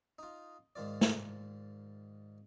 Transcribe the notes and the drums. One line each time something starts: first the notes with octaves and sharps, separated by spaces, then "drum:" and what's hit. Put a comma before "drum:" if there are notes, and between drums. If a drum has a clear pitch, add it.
D#4 F4
G#2 D#3 F4 D5
drum: snare